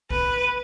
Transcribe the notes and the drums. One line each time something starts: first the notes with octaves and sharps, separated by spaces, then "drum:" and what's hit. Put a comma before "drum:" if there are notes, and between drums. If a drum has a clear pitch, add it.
B4, drum: kick